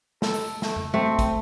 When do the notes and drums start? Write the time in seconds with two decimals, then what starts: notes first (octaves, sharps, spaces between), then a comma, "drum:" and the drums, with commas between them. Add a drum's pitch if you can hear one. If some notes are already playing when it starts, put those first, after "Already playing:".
0.22 A4, drum: snare
0.34 drum: open hi-hat
0.62 A3, drum: snare
0.76 drum: tom F2
0.94 A3 C4
1.19 drum: kick, hi-hat